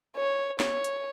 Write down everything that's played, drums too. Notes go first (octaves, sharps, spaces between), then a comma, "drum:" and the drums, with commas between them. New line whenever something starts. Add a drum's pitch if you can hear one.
C#5
C#5, drum: snare
drum: hi-hat